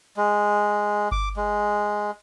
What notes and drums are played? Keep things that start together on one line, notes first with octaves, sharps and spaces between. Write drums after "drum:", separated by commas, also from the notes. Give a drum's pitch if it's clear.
G#3
D6, drum: kick G1
G#3